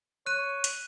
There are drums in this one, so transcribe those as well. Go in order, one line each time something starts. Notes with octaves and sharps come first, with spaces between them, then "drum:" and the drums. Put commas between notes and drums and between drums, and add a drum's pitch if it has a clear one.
C#5 F#6 D#7
drum: hi-hat